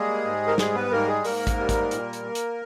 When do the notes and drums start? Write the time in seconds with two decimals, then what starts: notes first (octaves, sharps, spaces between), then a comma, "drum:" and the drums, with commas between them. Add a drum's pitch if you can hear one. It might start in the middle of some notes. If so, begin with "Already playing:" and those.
Already playing: G3 G#3 A#3 G#4
0.25 G#2
0.47 A#4
0.58 G3 G#3 G#4, drum: snare
0.75 B3 B4
0.91 G#2 A#3 A#4
1.08 G#3 G#4
1.25 G#2 A#3 A#4, drum: open hi-hat
1.47 drum: kick, hi-hat
1.58 G3
1.69 drum: kick, hi-hat
1.91 A#2, drum: hi-hat
2.13 drum: hi-hat
2.24 A#3
2.35 drum: hi-hat